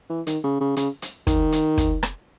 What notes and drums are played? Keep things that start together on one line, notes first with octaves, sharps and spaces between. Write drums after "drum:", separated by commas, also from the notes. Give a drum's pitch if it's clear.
E3
D#3, drum: hi-hat
C#3
C#3
C#3, drum: hi-hat
drum: hi-hat
D#3, drum: kick, hi-hat
drum: hi-hat
drum: kick, hi-hat
drum: rim click